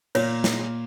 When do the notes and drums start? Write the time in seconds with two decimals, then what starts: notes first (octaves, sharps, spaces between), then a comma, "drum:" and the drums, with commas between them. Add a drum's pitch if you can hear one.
0.15 A#2 A#3 C#5, drum: cymbal
0.44 drum: snare